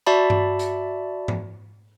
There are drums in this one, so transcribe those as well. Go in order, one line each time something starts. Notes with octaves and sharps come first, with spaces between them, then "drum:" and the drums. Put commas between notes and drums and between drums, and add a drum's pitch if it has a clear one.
F#4 D5 E5 A5 B5
drum: tom G2
drum: hi-hat
drum: tom G#2